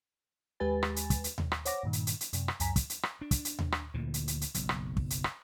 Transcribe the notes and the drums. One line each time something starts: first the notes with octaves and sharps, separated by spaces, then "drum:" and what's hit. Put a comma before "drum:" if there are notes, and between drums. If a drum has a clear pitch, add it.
D#2 G#3 G4 B4 G#5 A6
drum: rim click
drum: hi-hat
drum: kick, hi-hat
drum: hi-hat
drum: tom D#2
drum: rim click
C5 C#5 F#5 D6 A#6, drum: hi-hat
G2 A#2 D#3
drum: hi-hat
drum: hi-hat
drum: hi-hat
F#2 C3, drum: hi-hat
drum: rim click
C#2 F#2 G#5 A#5 B6, drum: hi-hat
drum: kick, hi-hat
drum: hi-hat
drum: rim click
D4
drum: kick, hi-hat
drum: hi-hat
drum: tom D#2
drum: rim click
D2 A#2 D3 E3
drum: hi-hat
drum: hi-hat
drum: hi-hat
F#1 B1, drum: hi-hat
drum: rim click
drum: kick
drum: hi-hat
drum: rim click